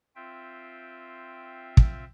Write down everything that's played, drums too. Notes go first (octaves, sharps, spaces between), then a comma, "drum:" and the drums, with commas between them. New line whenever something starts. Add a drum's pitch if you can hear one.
C4 F4 E5 G5
drum: kick